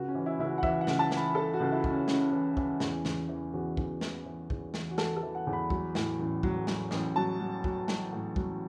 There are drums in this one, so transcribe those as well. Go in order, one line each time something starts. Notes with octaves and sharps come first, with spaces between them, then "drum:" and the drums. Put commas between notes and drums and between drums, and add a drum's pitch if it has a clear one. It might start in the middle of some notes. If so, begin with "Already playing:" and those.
Already playing: C#2 F#4
C#4
E3
E4
C#2 E4
F#4
F#5
E3 E5, drum: kick
F#5
C#2, drum: snare
A5
E3, drum: snare
B5
E3 A4
F#4
C#2
E4
C#2, drum: kick
C#4
C#3 C#4, drum: snare
E3
E3, drum: kick
E2, drum: snare
E2, drum: snare
E3
E2 F#4
E2, drum: kick
E3, drum: snare
E3
E2, drum: kick
E3, drum: snare
F#4
E3 A4, drum: snare
A4
E3
F#5
E2
B5
F#3, drum: kick
A2, drum: snare
A1
F#3, drum: kick
F#3, drum: snare
A1, drum: snare
F#3 A5
F#3
F#3, drum: kick
F#3, drum: snare
A2
F#3, drum: kick